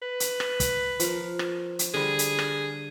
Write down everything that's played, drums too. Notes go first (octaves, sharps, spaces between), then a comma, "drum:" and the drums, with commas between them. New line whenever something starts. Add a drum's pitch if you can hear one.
B4
drum: hi-hat
drum: rim click
drum: kick, hi-hat
F3 A#4, drum: hi-hat
drum: rim click
drum: hi-hat
D3 G3 G#4
drum: hi-hat
drum: rim click